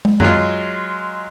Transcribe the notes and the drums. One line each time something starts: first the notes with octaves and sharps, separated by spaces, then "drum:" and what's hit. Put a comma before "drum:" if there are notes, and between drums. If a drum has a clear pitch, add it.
drum: tom
F#3 G#3 F4, drum: tom F#2